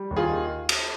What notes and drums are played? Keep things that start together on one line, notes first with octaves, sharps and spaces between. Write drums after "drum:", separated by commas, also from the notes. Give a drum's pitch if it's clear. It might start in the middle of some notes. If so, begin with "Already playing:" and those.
Already playing: G3
D#2
F4 G#4
D#3
drum: cymbal